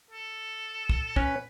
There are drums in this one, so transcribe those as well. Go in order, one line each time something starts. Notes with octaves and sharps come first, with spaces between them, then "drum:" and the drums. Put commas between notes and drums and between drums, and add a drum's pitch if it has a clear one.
A4
drum: kick
C#4 B4, drum: kick